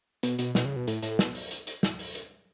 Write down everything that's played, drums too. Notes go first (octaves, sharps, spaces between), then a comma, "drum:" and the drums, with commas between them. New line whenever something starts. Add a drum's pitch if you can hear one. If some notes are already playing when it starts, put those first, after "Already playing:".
B2, drum: hi-hat
B2, drum: hi-hat
B2, drum: snare
C#3
B2
A2, drum: hi-hat
A2, drum: hi-hat
B2, drum: snare
drum: open hi-hat
drum: hi-hat
drum: hi-hat
drum: snare
drum: open hi-hat
drum: hi-hat